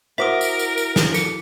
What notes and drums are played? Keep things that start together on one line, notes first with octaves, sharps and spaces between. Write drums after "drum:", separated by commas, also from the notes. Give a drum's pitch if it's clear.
E4 F#4 A#4 C5 E5 D6 D#6 B6
drum: tambourine
drum: tambourine
drum: tambourine
drum: snare
A4 C#7, drum: tambourine